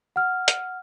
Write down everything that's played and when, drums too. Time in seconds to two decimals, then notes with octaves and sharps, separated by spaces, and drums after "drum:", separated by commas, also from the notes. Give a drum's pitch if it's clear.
0.16 F#5 F6
0.48 drum: hi-hat